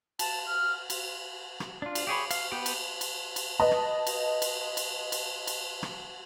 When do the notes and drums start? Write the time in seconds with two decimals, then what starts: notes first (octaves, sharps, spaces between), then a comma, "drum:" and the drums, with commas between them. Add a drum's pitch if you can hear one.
0.19 A5, drum: cymbal
0.47 F6
0.90 drum: cymbal
1.60 drum: rim click
1.82 D4 F4
1.95 drum: cymbal
2.07 G4 G#4 C#5 B5
2.31 F5, drum: cymbal
2.52 B3 G4 G5
2.66 drum: cymbal
3.01 drum: cymbal
3.36 drum: cymbal
3.60 B4 D#5 A5
3.71 drum: rim click
4.07 drum: cymbal
4.42 drum: cymbal
4.77 drum: cymbal
5.12 drum: cymbal
5.47 drum: cymbal
5.83 drum: rim click